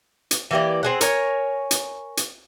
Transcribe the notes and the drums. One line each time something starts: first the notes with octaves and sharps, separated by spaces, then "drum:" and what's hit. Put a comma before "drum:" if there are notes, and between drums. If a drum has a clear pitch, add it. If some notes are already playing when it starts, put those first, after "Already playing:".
drum: hi-hat
E3 A#3 G4 D5
C4 G#4 F#5
A#4 C#5 G#5, drum: hi-hat
drum: hi-hat
drum: hi-hat